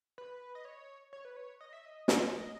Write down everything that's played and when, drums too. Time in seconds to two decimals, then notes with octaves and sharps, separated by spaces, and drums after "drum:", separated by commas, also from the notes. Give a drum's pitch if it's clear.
0.18 B4
0.55 D#5
0.65 C#5
1.13 C#5
1.25 B4
1.37 C#5
1.61 D#5
1.73 E5
1.86 D#5
2.08 D#5, drum: snare
2.40 D#5